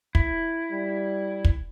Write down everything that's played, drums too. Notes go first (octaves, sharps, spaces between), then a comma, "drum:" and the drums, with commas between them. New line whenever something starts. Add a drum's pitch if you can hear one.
E4, drum: kick
G3
drum: kick